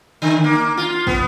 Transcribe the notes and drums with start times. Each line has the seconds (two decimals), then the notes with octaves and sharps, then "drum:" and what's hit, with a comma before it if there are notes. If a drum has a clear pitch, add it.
0.22 D3
0.44 A#3
0.77 F4
1.07 B3, drum: kick